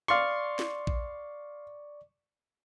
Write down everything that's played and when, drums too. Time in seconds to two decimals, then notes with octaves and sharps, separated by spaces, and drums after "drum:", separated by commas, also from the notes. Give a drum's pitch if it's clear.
0.08 D5 F5 C6 C#6
0.59 drum: snare
0.87 drum: kick A#1